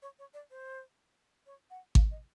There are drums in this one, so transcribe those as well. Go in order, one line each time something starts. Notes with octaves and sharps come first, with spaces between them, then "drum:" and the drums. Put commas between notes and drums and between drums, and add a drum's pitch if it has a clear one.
C#5
C#5
D5
C5
C#5
F#5
F5, drum: kick G#1
D#5